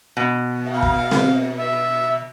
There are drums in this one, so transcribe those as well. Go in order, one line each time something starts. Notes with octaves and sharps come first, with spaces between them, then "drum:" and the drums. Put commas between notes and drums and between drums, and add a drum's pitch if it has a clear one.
B2
F5
drum: kick
drum: snare C4
E5